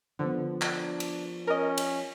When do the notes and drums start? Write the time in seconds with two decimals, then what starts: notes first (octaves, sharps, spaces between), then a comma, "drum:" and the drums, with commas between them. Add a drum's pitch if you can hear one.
0.19 D3 F3 B3
0.61 D4, drum: clap
1.00 drum: cymbal
1.47 C#4 A#4 D#5
1.78 drum: cymbal